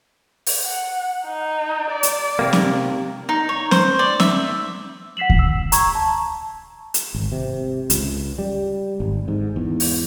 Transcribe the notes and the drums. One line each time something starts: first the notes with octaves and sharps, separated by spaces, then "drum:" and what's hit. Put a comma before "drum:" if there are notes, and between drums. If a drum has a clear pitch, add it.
drum: open hi-hat
F#5
D#4
D5
drum: hi-hat
C3 A#3
drum: snare
D#4
C#5
C5, drum: snare
D5
E5, drum: snare
F#5 B6 C7 E7 F#7
drum: kick D2
E6
A#5 C#6 G#6, drum: hi-hat
A5
drum: hi-hat
G#1
C3
C#2, drum: hi-hat
G3
G#1
G#2
E2
drum: open hi-hat